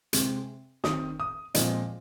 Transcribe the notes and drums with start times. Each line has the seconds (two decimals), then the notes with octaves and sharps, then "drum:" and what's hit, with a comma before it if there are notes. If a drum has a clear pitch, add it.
0.13 C3 G#3 C4, drum: hi-hat
0.84 D#3 C4 D#6, drum: snare
1.20 D#6
1.54 A#2 F3 G#3 C4 D#5, drum: hi-hat